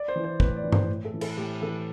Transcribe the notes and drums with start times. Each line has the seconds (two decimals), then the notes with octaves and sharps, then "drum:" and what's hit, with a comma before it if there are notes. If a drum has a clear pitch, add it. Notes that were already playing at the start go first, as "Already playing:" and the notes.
Already playing: D5
0.08 C5
0.16 E3
0.24 C5
0.40 A2 B4, drum: kick
0.56 D5
0.64 E3
0.72 C5, drum: tom G2
0.89 A2
1.05 A4
1.14 E3
1.21 A4, drum: cymbal
1.37 A2 G4
1.62 E3 A4